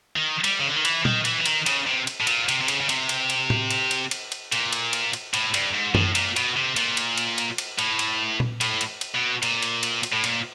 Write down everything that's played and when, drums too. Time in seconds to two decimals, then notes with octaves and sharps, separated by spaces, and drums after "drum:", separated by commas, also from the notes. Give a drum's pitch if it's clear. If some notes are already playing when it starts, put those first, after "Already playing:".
0.16 D#3
0.44 G3, drum: cymbal
0.60 C#3
0.67 D3
0.76 D#3
0.85 E3, drum: cymbal
1.05 D#3, drum: tom A#2
1.25 E3, drum: cymbal
1.41 E3
1.46 D#3, drum: cymbal
1.66 C#3, drum: cymbal
1.86 C3
2.07 drum: cymbal
2.21 A2
2.27 A#2, drum: cymbal
2.49 C3, drum: cymbal
2.61 C3
2.68 C#3, drum: cymbal
2.81 C#3
2.89 C3, drum: cymbal
3.09 drum: cymbal
3.30 drum: cymbal
3.50 drum: tom A2
3.70 drum: cymbal
3.91 drum: cymbal
4.11 drum: cymbal
4.32 drum: cymbal
4.52 A#2, drum: cymbal
4.73 drum: cymbal
4.93 drum: cymbal
5.13 drum: cymbal
5.34 A2, drum: cymbal
5.54 G2, drum: cymbal
5.74 G#2
5.95 A2, drum: tom F#2
6.15 A#2, drum: cymbal
6.36 B2, drum: cymbal
6.57 C3
6.76 A#2, drum: cymbal
6.97 drum: cymbal
7.18 drum: cymbal
7.38 drum: cymbal
7.58 drum: cymbal
7.79 A2, drum: cymbal
7.99 drum: cymbal
8.40 drum: tom A#2
8.61 A2, drum: cymbal
8.81 drum: cymbal
9.01 drum: cymbal
9.15 B2
9.43 A#2, drum: cymbal
9.62 drum: cymbal
9.83 drum: cymbal
10.03 drum: cymbal
10.13 A2
10.24 A#2, drum: cymbal